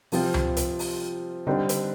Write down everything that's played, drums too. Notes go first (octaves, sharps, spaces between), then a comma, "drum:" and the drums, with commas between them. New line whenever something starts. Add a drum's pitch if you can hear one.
C3 F3 C4 F4, drum: open hi-hat
drum: tom C#2
drum: hi-hat
drum: open hi-hat
D3 G3 C4 D#4
drum: hi-hat